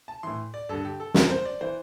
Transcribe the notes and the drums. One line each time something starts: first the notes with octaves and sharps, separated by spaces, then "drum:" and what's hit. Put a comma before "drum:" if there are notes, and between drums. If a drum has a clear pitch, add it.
A5
A2 E3 C6
D5
G2 D3 A4
G4
A4
F2 E3 A#4, drum: snare
C5
D5
E3 C5